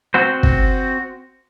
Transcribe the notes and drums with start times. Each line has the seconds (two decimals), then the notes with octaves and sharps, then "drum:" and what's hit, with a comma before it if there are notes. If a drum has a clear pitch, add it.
0.14 C4 F#4 C5
0.43 drum: kick